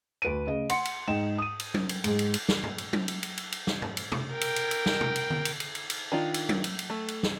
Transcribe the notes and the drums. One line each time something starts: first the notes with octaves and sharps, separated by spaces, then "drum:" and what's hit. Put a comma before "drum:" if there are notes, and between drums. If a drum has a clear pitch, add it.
D2 B4 D7 D#7
C#3 D#5
F#5 C6 C#7, drum: cymbal
drum: cymbal
G#2 D#4 G5 E7
D#6 D#7
drum: cymbal
drum: tom F#3
drum: cymbal
G#2 G#3, drum: cymbal
drum: cymbal
drum: cymbal
drum: snare
drum: tom
drum: cymbal
drum: tom F#3
drum: cymbal
drum: cymbal
drum: cymbal
drum: cymbal
drum: snare
drum: tom
drum: cymbal
drum: tom
A#4 G5
drum: cymbal
drum: cymbal
drum: cymbal
drum: snare
drum: tom
drum: cymbal
drum: tom D3
drum: cymbal
drum: cymbal
drum: cymbal
drum: cymbal
D#3 D4 F4
drum: cymbal
drum: tom F#3
drum: cymbal
drum: cymbal
A3
drum: cymbal
drum: snare